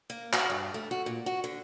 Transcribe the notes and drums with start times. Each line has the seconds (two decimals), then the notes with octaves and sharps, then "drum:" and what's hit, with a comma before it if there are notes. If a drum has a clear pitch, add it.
0.10 A#3
0.33 F#4, drum: clap
0.50 G2
0.74 A3
0.91 F#4
1.06 A#2
1.26 F#4
1.44 D3